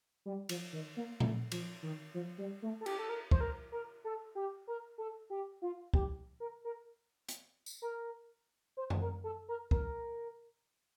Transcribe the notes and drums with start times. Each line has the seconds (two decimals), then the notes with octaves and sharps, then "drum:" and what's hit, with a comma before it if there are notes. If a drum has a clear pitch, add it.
0.26 G3
0.49 F3, drum: cymbal
0.73 D#3
0.96 A#3
1.20 A3, drum: tom A#2
1.52 F3, drum: cymbal
1.83 D#3
2.14 F3
2.38 G3
2.62 A3
2.81 A4
2.86 G4, drum: cymbal
2.98 A4
3.09 A#4
3.31 C5, drum: kick
3.40 A#4
3.72 A#4
4.04 A4
4.35 G4
4.67 A#4
4.98 A4
5.30 G4
5.62 F4
5.94 G4, drum: kick
6.40 A#4
6.65 A#4
7.29 drum: hi-hat
7.66 drum: tambourine
7.82 A#4
8.77 C5
8.90 drum: tom F#2
9.01 A#4
9.24 A4
9.48 A#4
9.71 A#4, drum: kick